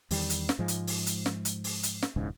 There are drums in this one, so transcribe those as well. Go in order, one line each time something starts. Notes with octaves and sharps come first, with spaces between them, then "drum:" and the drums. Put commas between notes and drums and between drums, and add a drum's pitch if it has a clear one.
E2 D#3 G3, drum: open hi-hat
drum: hi-hat
drum: snare
G#2 F3 G#3
drum: hi-hat
drum: open hi-hat
drum: hi-hat
drum: snare
drum: hi-hat
drum: open hi-hat
drum: hi-hat
drum: snare
E1 C#2 G#2 C#3